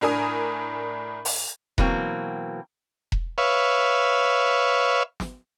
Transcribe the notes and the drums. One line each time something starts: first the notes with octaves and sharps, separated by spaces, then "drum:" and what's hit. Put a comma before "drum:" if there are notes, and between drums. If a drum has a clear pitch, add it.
A2 D4 A#4 G#5 D#6
drum: open hi-hat
B2 E3 F#3 A#3 C4, drum: kick E1
drum: kick E1
B4 C#5 E5 F5
drum: snare